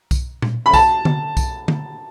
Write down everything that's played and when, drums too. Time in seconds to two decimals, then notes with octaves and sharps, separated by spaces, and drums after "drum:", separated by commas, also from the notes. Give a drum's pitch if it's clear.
0.11 drum: kick B1, tambourine
0.42 drum: tom A#2
0.66 B5
0.74 A5, drum: kick B1, tambourine
1.05 drum: tom D3
1.37 drum: kick B1, tambourine
1.68 drum: tom D3